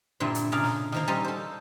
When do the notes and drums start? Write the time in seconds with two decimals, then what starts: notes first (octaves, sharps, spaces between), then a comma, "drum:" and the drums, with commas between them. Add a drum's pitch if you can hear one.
0.20 G2 A#2 D3 C4 E4
0.35 drum: hi-hat
0.52 C#3 D4 G#4 D5 F5 A#5
0.63 drum: snare
0.92 D#3 F3 A#3, drum: snare
1.08 G3 C#4 A4 C5 D#5 A#5
1.24 A4 C5